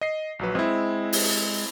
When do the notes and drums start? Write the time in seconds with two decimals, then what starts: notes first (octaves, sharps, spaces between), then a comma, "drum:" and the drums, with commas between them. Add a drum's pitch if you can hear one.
0.01 D#5 C7
0.39 A#1 F#3 B4
0.55 G#3 C4 E4
1.13 drum: open hi-hat